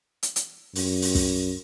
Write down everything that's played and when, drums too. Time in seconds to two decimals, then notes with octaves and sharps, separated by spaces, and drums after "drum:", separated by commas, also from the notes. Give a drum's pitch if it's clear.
0.23 drum: hi-hat
0.36 drum: hi-hat
0.75 F#2, drum: open hi-hat
1.02 drum: open hi-hat
1.15 drum: kick, open hi-hat